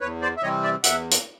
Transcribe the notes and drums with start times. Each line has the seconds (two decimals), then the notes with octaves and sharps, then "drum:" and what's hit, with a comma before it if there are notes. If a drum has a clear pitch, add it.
0.01 E2 B4 C#5
0.22 C5 D5
0.37 E5
0.42 C3 E3 G3 C4 C#5 D#5
0.63 D5 E5
0.84 E2 E5 F#5, drum: hi-hat
1.11 drum: hi-hat